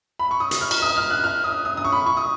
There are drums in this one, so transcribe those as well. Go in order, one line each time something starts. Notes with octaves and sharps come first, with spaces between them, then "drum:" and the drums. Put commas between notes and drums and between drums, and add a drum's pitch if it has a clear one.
B5
C#6
D#6
drum: hi-hat
F6
drum: cymbal
D#6
F6
F#6
F6
D#6
D#6
D#6
C#6
B5
C#6
D#6